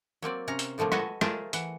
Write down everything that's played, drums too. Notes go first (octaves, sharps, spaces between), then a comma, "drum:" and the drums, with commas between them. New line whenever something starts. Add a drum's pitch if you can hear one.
F#3 A#3 C4 D5
C3 C#4 A#5
drum: hi-hat
A2 D3 F3 A3 A#3
F#4 A4 B4 D#5 G#5, drum: rim click
A3 F4 G#4 A#4 C5 A5, drum: rim click
E3 F#5, drum: hi-hat